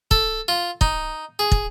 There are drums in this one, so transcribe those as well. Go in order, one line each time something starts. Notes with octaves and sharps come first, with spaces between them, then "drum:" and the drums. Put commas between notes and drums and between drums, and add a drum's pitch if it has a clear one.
A4, drum: kick
F4
D#4, drum: kick
G#4
drum: kick